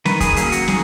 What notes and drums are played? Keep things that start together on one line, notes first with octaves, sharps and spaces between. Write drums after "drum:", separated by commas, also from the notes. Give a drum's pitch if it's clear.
D#3 B4, drum: snare
G#4, drum: kick, hi-hat
F#3 A#3 C#4 G#4, drum: hi-hat
F#4, drum: hi-hat
D#3 G#4, drum: snare